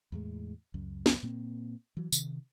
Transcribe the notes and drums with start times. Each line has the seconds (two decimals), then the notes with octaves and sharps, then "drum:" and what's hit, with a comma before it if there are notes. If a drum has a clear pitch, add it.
0.12 E2 A2 G#3
0.74 C#2 F#2
1.06 drum: snare
1.23 A#2 A#3 C4
1.97 E3 F#3
2.12 C3 D#3, drum: tambourine